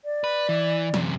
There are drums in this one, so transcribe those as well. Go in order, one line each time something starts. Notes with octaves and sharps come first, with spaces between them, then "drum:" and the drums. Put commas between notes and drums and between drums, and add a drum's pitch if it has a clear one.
D5
B4
E3
F#2 C3, drum: tom E3